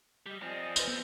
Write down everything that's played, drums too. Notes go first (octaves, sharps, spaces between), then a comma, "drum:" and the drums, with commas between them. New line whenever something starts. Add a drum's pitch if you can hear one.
G3 D#5 G6 B6
F3 C4 D5 D#5 G#5
B4 C6, drum: tambourine
B3 E6 G6